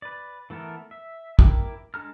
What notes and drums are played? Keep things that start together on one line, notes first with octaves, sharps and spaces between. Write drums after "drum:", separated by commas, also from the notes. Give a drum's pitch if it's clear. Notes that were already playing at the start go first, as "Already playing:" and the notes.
B4 D5
E3 A3 B3 A4 A#4
E5
E4 A#4 G5 D6, drum: kick
G#3 D4 A4 A#5 F6